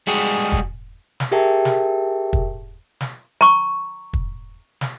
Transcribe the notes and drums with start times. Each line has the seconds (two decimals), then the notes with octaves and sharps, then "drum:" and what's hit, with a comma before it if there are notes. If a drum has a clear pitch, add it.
0.07 G3 G#3 F#4 G#4
0.52 drum: kick
1.20 drum: snare
1.31 G4 G#4 A#4 E5 G5 A5
1.65 drum: snare
2.33 drum: kick
3.01 drum: snare
3.41 A#5 C#6
4.13 drum: kick
4.81 drum: snare